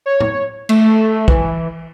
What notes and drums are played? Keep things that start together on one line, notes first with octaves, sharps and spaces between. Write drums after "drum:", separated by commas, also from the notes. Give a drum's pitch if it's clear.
C#5
drum: tom A2
A3, drum: cymbal
E3, drum: kick